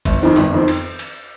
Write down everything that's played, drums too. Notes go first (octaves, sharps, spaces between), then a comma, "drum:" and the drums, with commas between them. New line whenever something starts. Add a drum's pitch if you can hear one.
G1, drum: kick G1, cymbal
F2 D#3 C4
G1, drum: clap
F2 D#3 C4
drum: cymbal
drum: cymbal